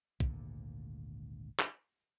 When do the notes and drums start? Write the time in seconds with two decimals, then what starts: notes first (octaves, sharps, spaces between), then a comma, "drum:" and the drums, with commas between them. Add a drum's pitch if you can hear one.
0.20 G#1 D2 A#2 D3, drum: kick
1.60 drum: clap